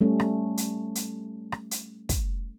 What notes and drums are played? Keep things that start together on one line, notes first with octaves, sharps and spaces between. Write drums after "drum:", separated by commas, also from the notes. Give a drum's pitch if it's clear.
G3 A3 C#4
drum: rim click
drum: hi-hat
drum: hi-hat
drum: rim click
drum: hi-hat
drum: kick, hi-hat